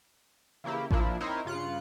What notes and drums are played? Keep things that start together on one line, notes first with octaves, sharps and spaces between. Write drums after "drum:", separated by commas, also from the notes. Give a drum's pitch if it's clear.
C#3 E3 A#3 E4 G4
A#2 F3 A#3 D4 E4, drum: kick A1
C4 D#4 E4 A#4 C5 C#5
G2 C#3 F4 F#6 C#7